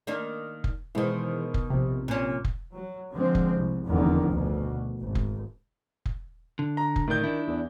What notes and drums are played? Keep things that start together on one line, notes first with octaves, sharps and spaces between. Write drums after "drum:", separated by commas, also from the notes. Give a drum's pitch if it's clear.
D#3 A#3 D4
drum: kick F1
B2 D#3 E3 G#3 C5
drum: kick F1
A#1 C3
A#2 C#4
drum: kick F1
F#3
D3 F3 G#3 C4
drum: kick F1
C2
F1 E2 D3 D#3
D2 B2
G#1
drum: kick F1
drum: kick F1
D3
A#5
drum: kick F1
A2 D3 D#3 D4 G6
D4 E4
E2